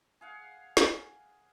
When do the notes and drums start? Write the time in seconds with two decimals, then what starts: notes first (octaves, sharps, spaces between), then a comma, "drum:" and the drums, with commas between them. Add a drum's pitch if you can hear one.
0.21 G#4 F5 F#5
0.77 drum: snare